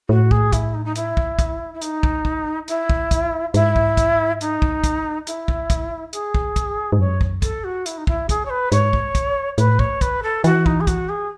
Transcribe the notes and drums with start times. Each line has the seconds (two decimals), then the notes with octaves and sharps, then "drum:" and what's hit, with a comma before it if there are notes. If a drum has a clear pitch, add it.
0.09 A2 F#4
0.31 G#4, drum: kick
0.52 E4, drum: kick, hi-hat
0.74 D#4
0.85 D#4
0.95 E4, drum: hi-hat
1.17 drum: kick
1.39 drum: kick, hi-hat
1.74 E4
1.81 D#4, drum: hi-hat
2.03 drum: kick
2.25 drum: kick
2.68 E4, drum: hi-hat
2.90 drum: kick
3.11 drum: kick, hi-hat
3.54 G#2 E4, drum: hi-hat
3.76 drum: kick
3.97 drum: kick, hi-hat
4.41 D#4, drum: hi-hat
4.62 drum: kick
4.84 drum: kick, hi-hat
5.27 E4, drum: hi-hat
5.48 drum: kick
5.70 drum: kick, hi-hat
6.13 G#4, drum: hi-hat
6.34 drum: kick
6.56 drum: kick, hi-hat
6.92 G#2
6.99 F#2 C#5
7.21 drum: kick
7.42 A4, drum: kick, hi-hat
7.64 F#4
7.86 E4, drum: hi-hat
7.97 D#4
8.07 E4, drum: kick
8.29 G#4, drum: kick, hi-hat
8.45 C#5
8.50 B4
8.72 G#2 C#5, drum: hi-hat
8.93 drum: kick
9.15 drum: kick, hi-hat
9.58 A2 B4, drum: hi-hat
9.79 C#5, drum: kick
10.01 B4, drum: kick, hi-hat
10.23 A4
10.44 E3 F#4, drum: hi-hat
10.66 D#4, drum: kick
10.80 G#4
10.87 F#4, drum: kick, hi-hat
11.09 G#4